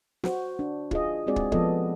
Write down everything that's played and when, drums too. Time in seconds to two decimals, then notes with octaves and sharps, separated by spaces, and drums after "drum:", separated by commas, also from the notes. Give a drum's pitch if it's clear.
0.24 F#4 C5, drum: snare
0.59 D4
0.91 F4 G#4 D#5, drum: kick
1.27 G#3 C4 F#4 G#4 D5
1.36 drum: kick
1.52 F3 B3 A4 D#5, drum: kick